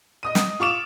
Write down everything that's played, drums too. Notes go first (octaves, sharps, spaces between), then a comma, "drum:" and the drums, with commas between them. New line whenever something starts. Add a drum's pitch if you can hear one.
D#5 D#6 D#7
drum: snare
F4 C#6 D6 E7 F7